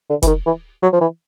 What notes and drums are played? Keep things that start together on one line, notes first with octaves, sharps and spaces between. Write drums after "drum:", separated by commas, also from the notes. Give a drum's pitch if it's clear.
D3
E3, drum: kick, hi-hat
D#3
E3
F#3
F3
E3